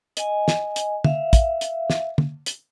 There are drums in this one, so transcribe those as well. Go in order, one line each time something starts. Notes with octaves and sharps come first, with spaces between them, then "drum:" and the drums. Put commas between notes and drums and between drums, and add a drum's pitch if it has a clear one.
D#5 G#5, drum: hi-hat
drum: snare
drum: hi-hat
E5 F5, drum: tom
drum: kick, hi-hat
drum: hi-hat
drum: snare
drum: tom
drum: hi-hat